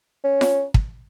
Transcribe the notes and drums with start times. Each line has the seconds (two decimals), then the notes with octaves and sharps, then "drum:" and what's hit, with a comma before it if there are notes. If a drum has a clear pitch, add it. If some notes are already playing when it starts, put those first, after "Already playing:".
0.24 C#4
0.41 drum: snare F4
0.74 drum: kick